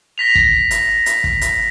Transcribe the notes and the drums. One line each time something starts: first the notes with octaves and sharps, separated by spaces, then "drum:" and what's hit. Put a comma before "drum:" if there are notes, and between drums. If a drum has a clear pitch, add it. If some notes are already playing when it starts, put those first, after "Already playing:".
A#6 B6 F7
drum: kick
drum: hi-hat
drum: hi-hat
drum: kick
drum: hi-hat